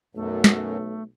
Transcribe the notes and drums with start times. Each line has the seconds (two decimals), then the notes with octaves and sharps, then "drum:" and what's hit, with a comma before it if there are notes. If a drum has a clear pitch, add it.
0.15 B1 F#2 A3
0.44 drum: snare